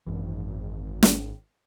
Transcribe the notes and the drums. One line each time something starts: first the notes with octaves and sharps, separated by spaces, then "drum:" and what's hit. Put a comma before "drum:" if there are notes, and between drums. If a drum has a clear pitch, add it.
G#1 F#2 E3
drum: snare